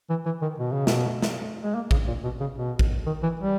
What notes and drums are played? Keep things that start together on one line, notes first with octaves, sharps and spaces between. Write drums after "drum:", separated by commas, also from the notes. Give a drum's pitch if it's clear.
E3
E3
D#3
B2
C#3
B2, drum: snare
drum: snare
G#3
A#3
C#3, drum: kick A1
A#2
B2
C#3
B2
drum: kick A1
D#3
E3
G3